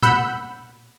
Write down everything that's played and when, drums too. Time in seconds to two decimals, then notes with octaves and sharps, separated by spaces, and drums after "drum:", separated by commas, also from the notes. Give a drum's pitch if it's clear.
0.02 F#5 B5 E6 G6, drum: tom A#2